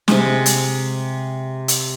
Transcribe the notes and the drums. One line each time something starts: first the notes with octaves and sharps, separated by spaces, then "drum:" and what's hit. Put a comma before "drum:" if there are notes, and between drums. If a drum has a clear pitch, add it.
C3 G#3, drum: snare
drum: hi-hat
drum: hi-hat